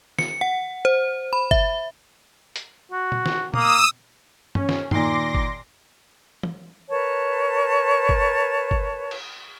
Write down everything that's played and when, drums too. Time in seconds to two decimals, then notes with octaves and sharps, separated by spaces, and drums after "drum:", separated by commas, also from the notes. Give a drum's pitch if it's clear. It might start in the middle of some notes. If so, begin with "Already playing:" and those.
0.18 C#7, drum: snare
0.41 F#5
0.85 C5
1.33 B5
1.51 E5, drum: kick G1
2.56 drum: hi-hat
2.92 F#4
3.12 drum: tom A#2
3.26 drum: snare
3.54 A#3 D#6 E6, drum: tom A#2
4.55 C#4, drum: tom G2
4.69 drum: snare
4.91 D#2 A#2 C6 D6 A#6, drum: tom G2
5.35 drum: kick G1
6.43 drum: tom
6.90 A#4 B4 C#5 A5
8.09 drum: kick G1
8.71 drum: kick G1
9.11 drum: cymbal